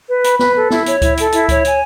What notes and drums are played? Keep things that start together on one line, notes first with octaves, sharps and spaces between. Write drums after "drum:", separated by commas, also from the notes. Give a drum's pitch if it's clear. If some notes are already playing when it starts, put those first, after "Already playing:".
B4
B5, drum: hi-hat
B4, drum: snare
A4
E4, drum: snare
C#5, drum: hi-hat
E4, drum: kick C#2, hi-hat
A4, drum: hi-hat
E4, drum: hi-hat
C#5, drum: kick C#2, hi-hat
G#5, drum: hi-hat